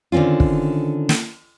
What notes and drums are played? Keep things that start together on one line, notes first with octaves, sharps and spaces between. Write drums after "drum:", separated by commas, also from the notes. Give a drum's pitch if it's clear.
D3 D#3 C4 C#4 F4
drum: kick
drum: snare